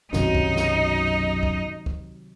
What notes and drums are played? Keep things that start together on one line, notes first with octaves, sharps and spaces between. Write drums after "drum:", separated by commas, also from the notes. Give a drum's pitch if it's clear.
B1 F#2 C3 D#3 F#3 D#4 D#5, drum: snare
drum: kick
drum: snare
drum: kick
drum: kick